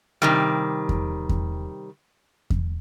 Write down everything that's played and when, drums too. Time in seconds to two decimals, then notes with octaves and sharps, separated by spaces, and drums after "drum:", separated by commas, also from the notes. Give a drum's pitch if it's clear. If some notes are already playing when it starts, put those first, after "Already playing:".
0.22 C3 D#3 G3
0.89 drum: kick E2
1.29 drum: kick E2
2.50 drum: kick E2